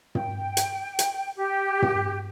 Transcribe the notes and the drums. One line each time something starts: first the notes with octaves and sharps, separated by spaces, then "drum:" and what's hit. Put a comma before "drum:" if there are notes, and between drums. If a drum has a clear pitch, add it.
G5, drum: tom
drum: hi-hat
drum: hi-hat
G4
drum: tom